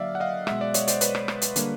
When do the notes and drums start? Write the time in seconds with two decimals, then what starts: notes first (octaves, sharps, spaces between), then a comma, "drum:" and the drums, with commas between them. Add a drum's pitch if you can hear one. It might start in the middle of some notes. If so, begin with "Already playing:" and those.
Already playing: D3 F#3 A#3 D5 E5 F5
0.15 F#5
0.20 D#5 F5
0.47 B2 G#3 E5 F#5, drum: rim click
0.61 D5 E5
0.74 C#5 D#5, drum: hi-hat
0.88 C5 D5, drum: hi-hat
1.01 B4 C#5, drum: hi-hat
1.15 drum: rim click
1.28 drum: rim click
1.42 drum: hi-hat
1.56 D3 G3 A#3, drum: hi-hat